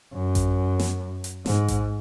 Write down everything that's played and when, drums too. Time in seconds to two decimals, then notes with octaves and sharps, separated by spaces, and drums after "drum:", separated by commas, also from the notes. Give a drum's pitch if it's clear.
0.13 F#2
0.35 drum: kick A1, hi-hat
0.79 drum: snare
1.24 drum: hi-hat
1.46 G#2, drum: snare
1.68 drum: kick A1, hi-hat